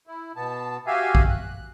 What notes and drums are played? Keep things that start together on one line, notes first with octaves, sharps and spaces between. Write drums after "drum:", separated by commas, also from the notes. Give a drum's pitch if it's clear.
E4
B2 B3 A5
F#4 G4 E5 F5 G#5
drum: kick A#1
F#6